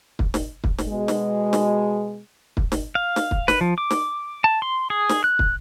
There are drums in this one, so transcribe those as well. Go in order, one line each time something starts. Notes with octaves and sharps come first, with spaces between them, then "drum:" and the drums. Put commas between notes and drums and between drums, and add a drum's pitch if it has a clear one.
drum: kick
drum: snare
drum: kick
drum: snare
B2 G#3
drum: snare
drum: snare
drum: kick
drum: snare
F5
drum: snare
drum: kick
B4, drum: snare
F3
D6
drum: snare
A5
C6
G#4
drum: snare
F#6
drum: kick